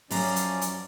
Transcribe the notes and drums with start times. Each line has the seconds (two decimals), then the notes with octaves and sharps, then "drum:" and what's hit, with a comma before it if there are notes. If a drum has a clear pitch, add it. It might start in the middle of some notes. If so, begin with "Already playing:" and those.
0.11 F#2 F3 C#4 D5 A#5, drum: open hi-hat
0.36 drum: hi-hat
0.61 drum: hi-hat